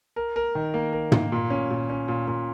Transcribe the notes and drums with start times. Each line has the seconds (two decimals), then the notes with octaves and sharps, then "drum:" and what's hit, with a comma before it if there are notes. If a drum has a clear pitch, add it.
0.16 A#4
0.36 A#4
0.55 D#3
0.74 A#3
0.93 A#4
1.12 A#3, drum: tom
1.32 A#2
1.50 C#4
1.71 A#2
1.90 C#4
2.08 A#2
2.28 A#2